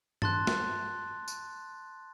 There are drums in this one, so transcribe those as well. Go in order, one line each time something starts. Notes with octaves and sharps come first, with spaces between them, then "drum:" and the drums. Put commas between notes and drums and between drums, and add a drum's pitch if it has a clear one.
A5 C6 F#6 A6, drum: tom G2
drum: snare
drum: tambourine